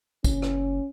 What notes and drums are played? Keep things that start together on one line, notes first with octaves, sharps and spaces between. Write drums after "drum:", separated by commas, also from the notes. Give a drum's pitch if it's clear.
F#1 C#4, drum: kick, tambourine
drum: rim click